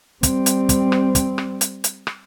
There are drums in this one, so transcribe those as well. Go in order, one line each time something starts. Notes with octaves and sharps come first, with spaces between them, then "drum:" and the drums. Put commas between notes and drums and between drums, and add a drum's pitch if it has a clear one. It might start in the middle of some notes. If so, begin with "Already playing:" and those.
G3 C4, drum: kick, hi-hat
drum: hi-hat
drum: kick, hi-hat
drum: rim click
drum: kick, hi-hat
drum: rim click
drum: hi-hat
drum: hi-hat
drum: rim click